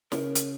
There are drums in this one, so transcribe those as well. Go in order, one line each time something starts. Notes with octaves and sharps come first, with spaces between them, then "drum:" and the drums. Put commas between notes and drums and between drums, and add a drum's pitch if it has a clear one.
C#3 A#4, drum: snare
drum: hi-hat